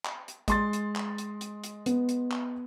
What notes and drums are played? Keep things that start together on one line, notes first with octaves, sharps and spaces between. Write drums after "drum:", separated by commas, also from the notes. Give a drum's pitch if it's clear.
drum: clap
drum: hi-hat
G#3 C6 A6, drum: kick, hi-hat
drum: hi-hat
drum: clap
drum: hi-hat
drum: hi-hat
drum: hi-hat
B3, drum: hi-hat
drum: hi-hat
drum: clap